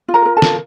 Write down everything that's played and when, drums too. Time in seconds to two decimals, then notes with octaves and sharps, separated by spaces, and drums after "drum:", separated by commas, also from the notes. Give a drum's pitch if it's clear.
0.08 F4
0.14 A#4 A#5
0.26 A#4
0.37 A4 A5
0.42 F4, drum: snare